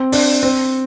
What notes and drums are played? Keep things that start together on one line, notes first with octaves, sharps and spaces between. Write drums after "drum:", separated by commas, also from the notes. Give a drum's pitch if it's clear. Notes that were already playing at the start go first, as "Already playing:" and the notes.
Already playing: C4
D4, drum: open hi-hat
C4